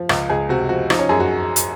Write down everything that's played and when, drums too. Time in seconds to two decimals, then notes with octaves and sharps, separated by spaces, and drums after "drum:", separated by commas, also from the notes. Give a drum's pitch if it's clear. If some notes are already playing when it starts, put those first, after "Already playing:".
Already playing: F3
0.09 C#2 F4, drum: rim click
0.29 C#2 G#4
0.49 C3 F#4
0.69 F3 F#4
0.90 F3 D#4, drum: rim click
0.99 C#4
1.09 F#2 G#4
1.20 F#4
1.56 drum: hi-hat